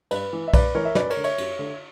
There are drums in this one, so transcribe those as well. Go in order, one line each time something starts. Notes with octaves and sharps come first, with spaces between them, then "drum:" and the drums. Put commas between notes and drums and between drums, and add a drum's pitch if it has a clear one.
G2 B4, drum: cymbal
E3
E5
G2 B4 D5, drum: kick B1, cymbal
E3 A#4 C#5
E5
F#2 B4 D5, drum: snare
A#4 C#5, drum: cymbal
D3
C#5 E5, drum: cymbal
F#2, drum: cymbal
D3